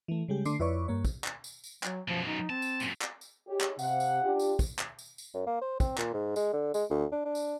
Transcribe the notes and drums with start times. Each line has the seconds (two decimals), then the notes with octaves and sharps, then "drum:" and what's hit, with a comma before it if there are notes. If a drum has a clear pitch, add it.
0.08 E3 A3
0.28 C#3 G3 G#3 G4
0.45 D3 A3 D4 C6 D6 C7, drum: tambourine
0.59 F2 E4 B4 C#5 D5 C#6
0.88 G2 A#3 C#5
1.05 drum: kick, tambourine
1.24 drum: clap
1.44 drum: tambourine
1.64 drum: tambourine
1.83 F#3, drum: clap
2.08 F#2 B2 F3
2.27 D#4
2.50 C4 A5
2.62 drum: tambourine
2.80 F#2 A#2, drum: tambourine
3.02 drum: clap
3.21 drum: tambourine
3.48 D#4 G4 G#4 C#5
3.61 drum: clap
3.79 C3 F5 F#5, drum: tambourine
4.00 drum: tambourine
4.23 D4 F4 G4
4.39 drum: tambourine
4.59 drum: kick, tambourine
4.79 drum: clap
4.99 drum: tambourine
5.18 drum: tambourine
5.34 F#2
5.47 A#3
5.61 C5
5.80 C4, drum: kick, tambourine
5.98 A#2, drum: clap
6.13 G#2
6.36 G#3, drum: tambourine
6.53 D3
6.74 G#3, drum: tambourine
6.90 D2
7.12 D4
7.25 D4
7.35 drum: tambourine